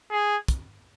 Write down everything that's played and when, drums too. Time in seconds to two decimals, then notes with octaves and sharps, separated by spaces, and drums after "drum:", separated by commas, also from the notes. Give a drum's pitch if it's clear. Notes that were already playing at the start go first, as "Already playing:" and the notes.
0.11 G#4
0.48 drum: kick, hi-hat